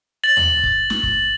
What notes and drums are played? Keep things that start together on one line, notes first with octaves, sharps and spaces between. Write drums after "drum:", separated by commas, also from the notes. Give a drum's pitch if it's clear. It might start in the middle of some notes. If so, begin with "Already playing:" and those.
A6 F#7
drum: tom D#2
drum: kick
drum: snare
drum: kick